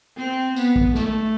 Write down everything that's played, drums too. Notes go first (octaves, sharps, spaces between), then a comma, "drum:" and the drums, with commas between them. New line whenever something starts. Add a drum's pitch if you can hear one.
C4
B3, drum: tambourine
drum: kick
A3, drum: snare